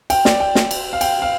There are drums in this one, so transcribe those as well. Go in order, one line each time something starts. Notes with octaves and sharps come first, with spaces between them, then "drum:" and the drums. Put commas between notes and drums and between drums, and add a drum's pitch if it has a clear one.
G5, drum: cymbal
D5, drum: snare
G5
drum: snare
drum: cymbal
F5
G5, drum: cymbal
F5